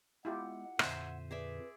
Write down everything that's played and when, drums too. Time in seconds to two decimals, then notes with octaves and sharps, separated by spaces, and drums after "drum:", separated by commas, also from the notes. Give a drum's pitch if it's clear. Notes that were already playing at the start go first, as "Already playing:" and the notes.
0.25 G#3 B3 E4 F4 G4 F#5
0.79 F2 A#2 D3 C5 E5 G#5, drum: rim click
1.31 G#4 B4 D5 E5